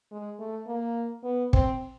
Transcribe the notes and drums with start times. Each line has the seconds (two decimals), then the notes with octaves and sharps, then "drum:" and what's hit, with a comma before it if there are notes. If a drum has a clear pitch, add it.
0.11 G#3
0.39 A3
0.67 A#3
1.24 B3
1.53 C4, drum: kick